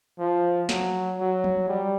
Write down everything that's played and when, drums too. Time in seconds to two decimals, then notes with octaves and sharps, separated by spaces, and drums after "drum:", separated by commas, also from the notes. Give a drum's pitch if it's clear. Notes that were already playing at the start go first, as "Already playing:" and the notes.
0.19 F3
0.69 F#3, drum: snare
1.19 F#3
1.44 drum: tom F3
1.68 G3